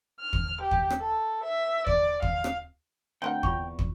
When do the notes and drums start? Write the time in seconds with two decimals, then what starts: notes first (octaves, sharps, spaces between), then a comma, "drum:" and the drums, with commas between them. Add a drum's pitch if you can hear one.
0.20 F6
0.33 drum: kick
0.61 G4
0.71 drum: kick
0.90 drum: rim click
1.00 A4
1.43 E5
1.87 D5, drum: kick
2.22 F5, drum: kick
2.44 drum: rim click
3.22 D2 C4 A#4 F#5 G5
3.43 E2 F4 B5 C#6, drum: kick
3.79 drum: kick